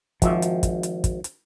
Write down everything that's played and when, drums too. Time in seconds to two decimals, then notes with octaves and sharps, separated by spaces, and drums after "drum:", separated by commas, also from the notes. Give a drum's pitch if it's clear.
0.22 G#1 F3 E5, drum: kick, hi-hat
0.42 drum: hi-hat
0.63 drum: kick, hi-hat
0.83 drum: hi-hat
1.04 drum: kick, hi-hat
1.24 drum: hi-hat